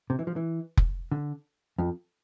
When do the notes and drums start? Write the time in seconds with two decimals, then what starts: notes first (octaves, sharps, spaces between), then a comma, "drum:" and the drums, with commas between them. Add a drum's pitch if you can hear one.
0.10 C3
0.19 E3
0.27 F3
0.36 E3
0.77 drum: kick F1
1.12 D3
1.78 F2